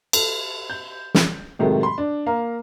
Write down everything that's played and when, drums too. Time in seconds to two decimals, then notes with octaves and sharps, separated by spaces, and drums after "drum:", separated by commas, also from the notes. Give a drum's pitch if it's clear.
0.13 A4, drum: cymbal
0.70 G6
1.14 drum: snare
1.59 A2 C3 D#3 F#3 G#3 A3
1.83 B5 C6
1.98 D4
2.26 A#3 F5 A#5